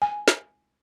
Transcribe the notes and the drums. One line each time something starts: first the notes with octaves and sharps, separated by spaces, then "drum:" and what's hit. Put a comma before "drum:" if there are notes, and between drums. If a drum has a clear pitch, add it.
G#5
drum: snare